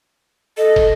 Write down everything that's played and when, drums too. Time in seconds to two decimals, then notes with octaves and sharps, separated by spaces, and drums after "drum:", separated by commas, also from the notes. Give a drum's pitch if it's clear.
0.57 A4 D#5
0.76 drum: kick, cymbal